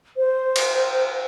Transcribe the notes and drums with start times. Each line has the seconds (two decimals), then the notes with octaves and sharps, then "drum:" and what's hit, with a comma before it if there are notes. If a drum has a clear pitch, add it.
0.16 C5
0.56 drum: cymbal